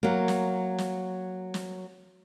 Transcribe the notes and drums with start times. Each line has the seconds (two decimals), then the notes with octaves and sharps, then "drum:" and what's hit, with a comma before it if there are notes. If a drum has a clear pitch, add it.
0.03 F#3 A#3
0.28 drum: snare
0.78 drum: snare
1.54 drum: snare